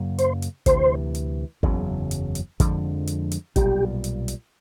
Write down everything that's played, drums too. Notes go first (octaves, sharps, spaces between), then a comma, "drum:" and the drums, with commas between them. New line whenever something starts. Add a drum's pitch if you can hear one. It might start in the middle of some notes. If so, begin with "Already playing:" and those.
Already playing: F#2 C#3 F#3 A#3
C5, drum: hi-hat
drum: hi-hat
D2 C3 E3 C5, drum: kick, hi-hat
drum: hi-hat
F#1 E2 C#3 F#3, drum: kick
drum: hi-hat
drum: hi-hat
F2 D3 F3 G#3, drum: kick, hi-hat
drum: hi-hat
drum: hi-hat
B1 A#2 G3 G4, drum: kick, hi-hat
drum: hi-hat
drum: hi-hat